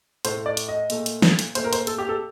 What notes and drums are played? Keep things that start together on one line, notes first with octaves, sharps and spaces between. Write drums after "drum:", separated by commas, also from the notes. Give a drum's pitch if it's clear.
A2 A3 C5, drum: hi-hat
D5
drum: hi-hat
D#5
A#2 A3, drum: hi-hat
drum: hi-hat
drum: snare
drum: hi-hat
A#2 A3 C5, drum: hi-hat
A#4
C5, drum: hi-hat
A4, drum: hi-hat
G4
A4